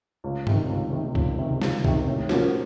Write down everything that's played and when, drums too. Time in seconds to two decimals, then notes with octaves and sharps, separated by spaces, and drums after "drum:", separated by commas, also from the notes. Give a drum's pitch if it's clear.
0.24 C#2
0.47 C3 D#3, drum: tom G2
0.70 C#2
0.93 C3 D#3
1.15 C#2, drum: kick C#2
1.39 C3 D#3
1.62 C#2, drum: snare
1.84 C3 D#3, drum: kick C#2
2.07 A2
2.29 F3 A#3 C#4 F#4, drum: snare